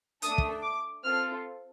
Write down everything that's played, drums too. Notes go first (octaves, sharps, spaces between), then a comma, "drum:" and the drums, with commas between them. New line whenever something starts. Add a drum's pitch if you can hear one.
A3 D4 A4 D#6, drum: hi-hat
drum: kick
D6
C4 F4 A4 F6